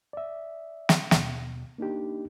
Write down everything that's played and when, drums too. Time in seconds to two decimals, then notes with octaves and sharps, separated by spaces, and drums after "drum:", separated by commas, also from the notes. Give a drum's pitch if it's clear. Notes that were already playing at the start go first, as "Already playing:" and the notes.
0.13 D5 E5
0.89 drum: snare
1.11 D#2 B2, drum: snare
1.78 A#3 D4 D#4 G4